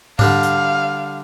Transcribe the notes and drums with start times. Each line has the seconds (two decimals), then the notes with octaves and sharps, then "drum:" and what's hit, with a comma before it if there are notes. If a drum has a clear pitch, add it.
0.19 D3 G3 D4 F5, drum: tom G#2
0.43 drum: hi-hat